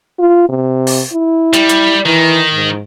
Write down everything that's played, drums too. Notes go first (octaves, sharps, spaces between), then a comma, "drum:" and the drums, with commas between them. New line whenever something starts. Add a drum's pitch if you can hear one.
F4
C3
drum: open hi-hat
E4
G3, drum: hi-hat
drum: hi-hat
D#3 E3
G#2